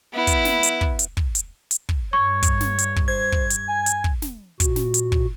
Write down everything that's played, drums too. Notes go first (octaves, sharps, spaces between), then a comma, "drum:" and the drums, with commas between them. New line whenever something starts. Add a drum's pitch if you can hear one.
B3 E4
drum: kick, hi-hat
drum: snare
drum: hi-hat
drum: kick
drum: hi-hat
drum: kick
drum: hi-hat
drum: hi-hat
drum: kick
G2 C#5 C#6
drum: kick, hi-hat
drum: snare
drum: hi-hat
drum: kick
C5 G#6
drum: kick
drum: hi-hat
G#5
drum: hi-hat
drum: kick
drum: snare
A#2 F#4, drum: kick, hi-hat
drum: snare
drum: hi-hat
drum: kick